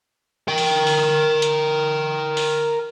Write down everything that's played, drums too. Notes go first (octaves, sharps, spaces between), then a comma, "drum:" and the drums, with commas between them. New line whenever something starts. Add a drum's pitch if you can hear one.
A#4 G5
drum: open hi-hat
drum: open hi-hat
drum: hi-hat
drum: open hi-hat